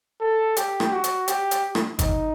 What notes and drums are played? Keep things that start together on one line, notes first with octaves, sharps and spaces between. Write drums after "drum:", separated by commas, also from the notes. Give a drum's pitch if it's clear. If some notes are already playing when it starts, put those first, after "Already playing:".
A4
G4, drum: hi-hat
drum: rim click
F#4
drum: hi-hat
G4, drum: hi-hat
drum: hi-hat
drum: rim click
D#4, drum: kick, hi-hat